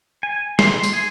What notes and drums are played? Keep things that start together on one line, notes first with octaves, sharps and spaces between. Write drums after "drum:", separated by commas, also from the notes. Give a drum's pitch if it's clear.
G#5
C6, drum: snare
drum: tambourine
G#4